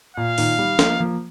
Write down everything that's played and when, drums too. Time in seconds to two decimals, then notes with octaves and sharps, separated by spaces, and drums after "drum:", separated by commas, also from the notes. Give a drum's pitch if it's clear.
0.17 A#2 F5
0.38 A#2 D#3, drum: open hi-hat
0.59 D#3 G3
0.79 F3 A#3, drum: snare
0.99 F3 A#3